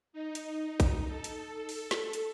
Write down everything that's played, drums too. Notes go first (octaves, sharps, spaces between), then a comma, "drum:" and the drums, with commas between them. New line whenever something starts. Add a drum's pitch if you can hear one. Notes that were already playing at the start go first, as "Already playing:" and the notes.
D#4
drum: hi-hat
drum: kick, hi-hat
A4
drum: hi-hat
drum: open hi-hat
drum: snare
drum: hi-hat